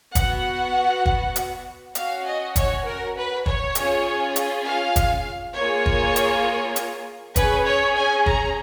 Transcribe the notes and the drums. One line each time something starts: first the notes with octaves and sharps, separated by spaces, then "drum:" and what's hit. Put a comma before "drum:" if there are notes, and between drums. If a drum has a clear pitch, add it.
B3 F#4 F#5, drum: kick, hi-hat
drum: kick
drum: hi-hat
C#4 F#4 F5, drum: hi-hat
D#5
C#5, drum: kick, hi-hat
A#4
B4
C#5, drum: kick
C#4 F4 G#4, drum: hi-hat
drum: hi-hat
F5
drum: kick, hi-hat
A#3 F4 G#4 C#5
drum: kick
drum: hi-hat
drum: hi-hat
C#4 G#4 B4, drum: kick, hi-hat
C#5
G#5
A#5, drum: kick